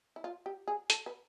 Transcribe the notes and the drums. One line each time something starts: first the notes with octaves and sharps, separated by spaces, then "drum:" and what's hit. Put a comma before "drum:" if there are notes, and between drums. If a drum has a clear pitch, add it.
E4
F4
G4
G#4
A4, drum: hi-hat
B4